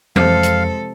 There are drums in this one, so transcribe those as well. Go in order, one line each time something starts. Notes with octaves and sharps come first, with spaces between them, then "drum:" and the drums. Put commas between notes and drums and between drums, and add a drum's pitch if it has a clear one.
F2 C3 F3 G#3 A4 F5, drum: tom E3
drum: hi-hat